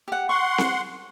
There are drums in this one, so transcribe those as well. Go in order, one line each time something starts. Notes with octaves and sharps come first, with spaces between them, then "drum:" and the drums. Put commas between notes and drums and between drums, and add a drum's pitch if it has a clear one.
G4 F#5
F#5 C6 C#6
drum: snare C4